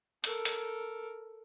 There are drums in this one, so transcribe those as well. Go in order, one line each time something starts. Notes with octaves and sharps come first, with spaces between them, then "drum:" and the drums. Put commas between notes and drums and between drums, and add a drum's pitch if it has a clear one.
A4 A#4, drum: hi-hat
drum: hi-hat